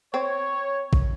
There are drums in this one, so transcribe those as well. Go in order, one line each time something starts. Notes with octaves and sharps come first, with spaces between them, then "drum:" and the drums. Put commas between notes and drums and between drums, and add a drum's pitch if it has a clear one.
C4 C#5
drum: kick A1